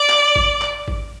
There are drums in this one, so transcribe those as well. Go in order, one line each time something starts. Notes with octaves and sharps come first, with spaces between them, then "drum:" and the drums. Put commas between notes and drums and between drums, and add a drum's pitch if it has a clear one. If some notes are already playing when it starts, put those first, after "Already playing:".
Already playing: D5
drum: clap
drum: kick G#1
drum: clap
drum: kick G#1